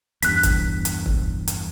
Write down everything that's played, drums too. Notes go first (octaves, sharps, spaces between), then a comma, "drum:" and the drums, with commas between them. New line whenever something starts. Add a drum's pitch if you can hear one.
E2 G2 F#6 B6, drum: hi-hat
drum: kick C#1, hi-hat
drum: hi-hat
drum: kick C#1
drum: hi-hat